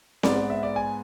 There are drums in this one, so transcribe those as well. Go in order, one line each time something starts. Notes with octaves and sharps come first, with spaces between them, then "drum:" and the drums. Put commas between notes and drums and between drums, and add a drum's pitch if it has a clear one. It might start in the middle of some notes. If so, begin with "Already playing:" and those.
G#2 G#3 B3 D5, drum: snare C4
D5
E5
D5
G#5